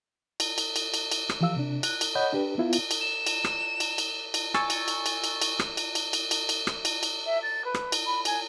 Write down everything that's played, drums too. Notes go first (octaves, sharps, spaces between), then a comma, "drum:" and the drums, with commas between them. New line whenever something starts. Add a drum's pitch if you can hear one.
drum: cymbal
drum: cymbal
drum: cymbal
drum: cymbal
drum: cymbal
drum: rim click
E3 F3 G4 F5 E6
C3 D4
F#6, drum: cymbal
drum: cymbal
C#5 D#5 F#5 B5 G6
D4 G4 B4
B3 E4 F4
drum: cymbal
drum: cymbal
E7
drum: cymbal
drum: rim click
drum: cymbal
drum: cymbal
drum: cymbal
G#5 C#6 E6 A6, drum: rim click
drum: cymbal
drum: cymbal
drum: cymbal
drum: cymbal
drum: cymbal
drum: rim click
drum: cymbal
drum: cymbal
drum: cymbal
drum: cymbal
drum: cymbal
drum: rim click
drum: cymbal
drum: cymbal
E5
A6
B4
drum: rim click
drum: cymbal
B5
G#5, drum: cymbal